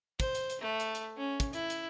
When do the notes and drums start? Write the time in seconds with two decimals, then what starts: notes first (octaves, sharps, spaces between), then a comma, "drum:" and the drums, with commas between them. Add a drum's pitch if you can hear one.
0.20 C5, drum: kick, hi-hat
0.35 drum: hi-hat
0.50 drum: hi-hat
0.61 A3
0.80 drum: hi-hat
0.95 drum: hi-hat
1.17 C#4
1.40 drum: kick, hi-hat
1.53 E4, drum: hi-hat
1.70 drum: hi-hat